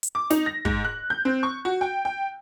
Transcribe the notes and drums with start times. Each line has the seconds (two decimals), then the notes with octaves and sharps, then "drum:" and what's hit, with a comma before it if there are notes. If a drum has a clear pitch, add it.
0.03 drum: hi-hat
0.15 D6
0.30 D#4, drum: snare
0.46 A#6
0.65 G#2, drum: kick
0.85 F#6
1.10 G6
1.25 C4
1.43 C#6
1.65 F#4
1.81 G5
2.05 G5